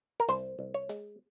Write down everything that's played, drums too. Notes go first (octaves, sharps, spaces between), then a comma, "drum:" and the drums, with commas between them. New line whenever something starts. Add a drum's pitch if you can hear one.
A#4
C2 C5, drum: hi-hat
C2
C#5
G#3, drum: hi-hat